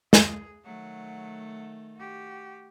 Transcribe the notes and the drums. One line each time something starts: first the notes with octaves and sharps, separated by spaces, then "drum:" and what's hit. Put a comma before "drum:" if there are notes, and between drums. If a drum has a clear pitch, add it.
G#4, drum: snare
D#3 F#3 A3 F#5
F#4 G4